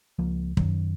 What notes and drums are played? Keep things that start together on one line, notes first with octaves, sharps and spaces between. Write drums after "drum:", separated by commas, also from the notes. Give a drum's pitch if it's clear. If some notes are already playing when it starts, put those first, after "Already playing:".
C#2 F3 A#3
F#2 D#3 F#3, drum: kick